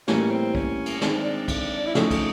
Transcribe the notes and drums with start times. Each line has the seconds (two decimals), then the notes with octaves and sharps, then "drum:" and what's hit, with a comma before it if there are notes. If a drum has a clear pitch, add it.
0.08 A2 E3 G3 A#3 C#4, drum: snare
0.31 C4
0.55 C#4, drum: kick
0.86 drum: cymbal
1.01 D#3 G#3 C4 D4, drum: snare
1.24 D4
1.48 drum: kick, cymbal
1.87 E4
1.95 C#3 F3 A3 C#4 D#4, drum: snare
2.11 drum: kick, cymbal